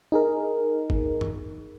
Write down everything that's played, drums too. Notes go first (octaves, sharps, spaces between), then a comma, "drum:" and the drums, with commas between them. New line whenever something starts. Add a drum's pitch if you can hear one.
D#4 G#4 A#4
drum: kick G1
drum: tom F#2